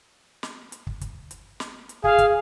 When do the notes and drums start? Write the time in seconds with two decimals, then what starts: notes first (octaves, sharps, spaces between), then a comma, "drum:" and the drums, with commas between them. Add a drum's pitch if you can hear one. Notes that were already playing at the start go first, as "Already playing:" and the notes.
0.43 drum: snare
0.72 drum: hi-hat
0.87 drum: kick
1.01 drum: kick, hi-hat
1.31 drum: hi-hat
1.60 drum: snare
1.89 drum: hi-hat
2.04 G#4 F5, drum: kick
2.18 drum: kick, hi-hat